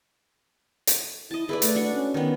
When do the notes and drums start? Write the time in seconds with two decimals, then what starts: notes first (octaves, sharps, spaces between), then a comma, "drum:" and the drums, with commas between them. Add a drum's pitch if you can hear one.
0.87 drum: hi-hat
1.31 E4 D#5 A5
1.49 E4 G#4 B4 D5
1.62 A3, drum: hi-hat
1.75 D4 F#4 C#6
1.94 C#4
2.14 D#3 B3